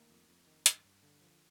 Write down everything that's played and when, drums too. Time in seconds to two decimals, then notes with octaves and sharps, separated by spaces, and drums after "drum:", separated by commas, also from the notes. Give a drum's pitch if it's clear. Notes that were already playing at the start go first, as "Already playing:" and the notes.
Already playing: D#3 A3 A#3
0.10 F2
0.29 F2
0.47 D#3
0.66 G2, drum: hi-hat
0.85 G2
1.03 D3
1.21 F3